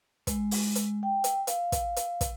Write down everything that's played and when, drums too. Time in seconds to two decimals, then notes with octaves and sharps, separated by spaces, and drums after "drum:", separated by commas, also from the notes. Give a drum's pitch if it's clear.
0.27 G#3, drum: kick, hi-hat
0.51 drum: open hi-hat
0.75 drum: hi-hat
1.03 G5
1.24 drum: hi-hat
1.47 F5, drum: hi-hat
1.72 drum: kick, hi-hat
1.96 drum: hi-hat
2.21 drum: kick, hi-hat